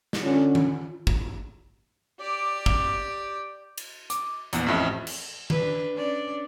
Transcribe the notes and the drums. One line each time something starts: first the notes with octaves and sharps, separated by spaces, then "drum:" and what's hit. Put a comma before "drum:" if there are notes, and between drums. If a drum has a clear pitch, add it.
drum: snare
D3 C#4 F4
drum: tom D#3
drum: kick
G4 D5
drum: kick
drum: cymbal
D6, drum: hi-hat
A#1 E2, drum: hi-hat
A1 F2 E5
drum: cymbal
D4 B4, drum: tom D#3
C#4 D4 D5